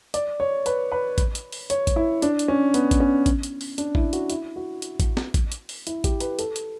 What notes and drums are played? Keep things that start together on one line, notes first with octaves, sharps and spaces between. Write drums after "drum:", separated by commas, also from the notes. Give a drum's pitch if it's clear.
D5, drum: hi-hat
C#5
B4, drum: hi-hat
B4
drum: kick A1, hi-hat
drum: hi-hat
drum: open hi-hat
C#5, drum: hi-hat
drum: kick A1, hi-hat
E4
D4, drum: hi-hat
drum: hi-hat
C#4
B3, drum: hi-hat
drum: kick A1, hi-hat
C#4
drum: kick A1, hi-hat
drum: hi-hat
drum: open hi-hat
D4, drum: hi-hat
E4, drum: kick A1
F#4, drum: hi-hat
E4, drum: hi-hat
F#4
drum: hi-hat
drum: kick A1, hi-hat
drum: snare
drum: kick A1, hi-hat
drum: hi-hat
drum: open hi-hat
E4, drum: hi-hat
G4, drum: kick A1, hi-hat
B4, drum: hi-hat
A4, drum: hi-hat
drum: hi-hat